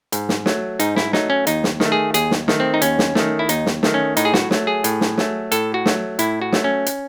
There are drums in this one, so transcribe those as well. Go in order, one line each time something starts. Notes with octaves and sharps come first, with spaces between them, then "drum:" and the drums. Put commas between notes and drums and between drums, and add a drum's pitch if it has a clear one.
G#2, drum: hi-hat
drum: snare
F#3 A3, drum: snare
G#2 D#4, drum: hi-hat
E4, drum: snare
F#3 A3 D#4, drum: snare
C#4
D#2 D#4, drum: hi-hat
drum: snare
D#3, drum: snare
A3
G#4
D#2 G#4, drum: hi-hat
drum: snare
D#3 A3, drum: snare
C4
D#4
D#2 C#4, drum: hi-hat
drum: snare
D#3 A3, drum: snare
E4
D#2 D#4, drum: hi-hat
drum: snare
D#3 A3, drum: snare
C#4
A2 D#4, drum: hi-hat
G#4
F#4, drum: snare
F#3 A3, drum: snare
G#4
A2, drum: hi-hat
drum: snare
F#3 A3, drum: snare
A2 A4, drum: hi-hat
F#4
F#3 A3, drum: snare
A2 E4, drum: hi-hat
F#4
F#3 A3, drum: snare
C#4
drum: hi-hat